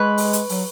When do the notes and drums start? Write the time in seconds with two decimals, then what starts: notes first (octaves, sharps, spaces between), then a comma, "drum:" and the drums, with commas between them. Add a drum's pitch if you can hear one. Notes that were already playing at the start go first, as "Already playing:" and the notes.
Already playing: G#3 B4 C#5
0.18 drum: open hi-hat
0.33 drum: hi-hat
0.49 F#3, drum: open hi-hat